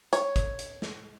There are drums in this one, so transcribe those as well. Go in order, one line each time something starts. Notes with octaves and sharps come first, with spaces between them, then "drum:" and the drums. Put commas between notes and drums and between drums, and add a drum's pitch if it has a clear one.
C#5, drum: hi-hat
drum: kick, hi-hat
drum: hi-hat
drum: snare